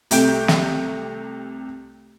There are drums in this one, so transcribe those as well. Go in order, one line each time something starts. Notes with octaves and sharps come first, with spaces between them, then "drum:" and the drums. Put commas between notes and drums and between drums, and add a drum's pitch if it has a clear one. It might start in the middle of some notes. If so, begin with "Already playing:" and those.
C2 C3 A3 G4 G6 D7, drum: hi-hat
drum: snare